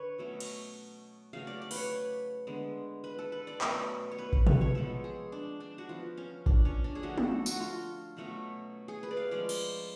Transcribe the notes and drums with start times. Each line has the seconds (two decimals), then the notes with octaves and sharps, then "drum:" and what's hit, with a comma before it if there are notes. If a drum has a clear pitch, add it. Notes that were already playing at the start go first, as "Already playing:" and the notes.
Already playing: D3 B4 C#5
0.18 B2 F#3 A3 C#4
0.40 drum: cymbal
1.33 C#3 F#3 A3 F5
1.47 D5
1.62 D5
1.71 B4 C#5, drum: open hi-hat
2.47 D3 G#3 B3
3.04 B4
3.19 A4
3.32 B4
3.47 D5
3.61 B2 F#3 A3 C#4, drum: clap
4.11 C#5
4.18 B4
4.33 B4, drum: kick A1
4.47 C#5, drum: tom
4.61 C#5
4.74 F3 G#3 B3 A4
5.04 G#4
5.32 D4
5.60 D4
5.78 F#4
5.89 F3 B3 F4
6.17 C#4
6.46 D4, drum: kick A1
6.65 C#4
6.84 D4
6.95 G#4
7.02 D3 F3 A3 C#4 F#4
7.18 A4, drum: tom
7.46 F#4, drum: tambourine
7.60 F4
8.17 B2 F#3 A3 C#4
8.88 G#4
9.03 B4
9.11 D5
9.17 F5
9.31 F3 G#3 C#4 D5
9.49 drum: cymbal